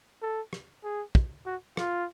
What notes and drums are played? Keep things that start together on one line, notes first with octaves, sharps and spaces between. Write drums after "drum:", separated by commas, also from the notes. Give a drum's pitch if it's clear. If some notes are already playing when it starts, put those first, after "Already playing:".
A4
drum: rim click
G#4
drum: kick
F#4
F4, drum: rim click